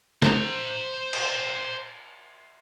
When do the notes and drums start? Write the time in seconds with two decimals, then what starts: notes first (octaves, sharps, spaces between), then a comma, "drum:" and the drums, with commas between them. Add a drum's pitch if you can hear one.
0.22 C5 A#5, drum: snare
1.13 drum: cymbal